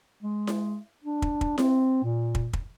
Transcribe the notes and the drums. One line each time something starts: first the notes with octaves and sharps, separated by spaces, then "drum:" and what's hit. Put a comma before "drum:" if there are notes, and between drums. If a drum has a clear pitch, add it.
G#3
drum: snare E4
D4
drum: kick
drum: kick
C4, drum: snare E4
A#2
drum: kick
drum: kick